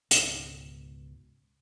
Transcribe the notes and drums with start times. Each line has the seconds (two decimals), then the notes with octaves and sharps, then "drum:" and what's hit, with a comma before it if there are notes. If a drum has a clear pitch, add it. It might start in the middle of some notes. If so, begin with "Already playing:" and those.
0.11 C#2 G#2 B2 D3, drum: hi-hat